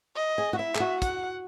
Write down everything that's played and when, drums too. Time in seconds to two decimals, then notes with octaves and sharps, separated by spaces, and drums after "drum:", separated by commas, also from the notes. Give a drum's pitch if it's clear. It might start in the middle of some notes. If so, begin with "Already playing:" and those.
0.15 D#5
0.38 G#4
0.53 F#4
0.59 E4 E5
0.75 G#4, drum: clap
0.80 F#4
1.02 F#5, drum: kick, hi-hat